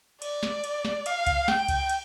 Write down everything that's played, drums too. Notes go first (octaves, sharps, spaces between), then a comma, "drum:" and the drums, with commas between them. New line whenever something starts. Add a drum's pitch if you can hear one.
D5, drum: cymbal
drum: snare
drum: cymbal
drum: snare
F5, drum: cymbal
drum: kick C#2, cymbal
G5, drum: snare
drum: kick C#2, cymbal
drum: cymbal